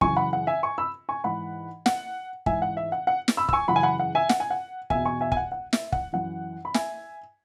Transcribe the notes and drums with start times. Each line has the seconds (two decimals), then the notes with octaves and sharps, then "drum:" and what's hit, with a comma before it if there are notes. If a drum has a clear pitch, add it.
0.01 F#2 C#3 E3 G#5 C#6, drum: kick
0.16 F#5 B5
0.33 F#5
0.47 E5 G#5
0.63 G#5 C#6
0.78 B5 E6
1.09 G#5 C#6
1.24 G#2 E3 F#5 B5
1.86 F#5, drum: snare
2.46 G#2 E3 E5 G#5, drum: kick
2.62 F#5
2.77 E5
2.92 F#5
3.07 F#5
3.28 drum: snare
3.37 B5 E6
3.49 E6, drum: kick
3.53 G#5 C#6
3.68 F#2 C#3 E3 F#5 B5
3.76 G#5
3.83 F#5 B5
3.99 F#5
4.15 E5 G#5
4.29 F#5, drum: snare
4.40 G#5
4.50 F#5
4.90 E2 B2 E5 G#5, drum: kick
5.05 G#5 C#6
5.21 E5 G#5
5.32 G#5, drum: kick
5.37 F#5
5.52 F#5
5.73 E5, drum: snare
5.92 F#5, drum: kick
6.13 F#2 E3 F#5
6.65 B5
6.74 E5 G#5, drum: snare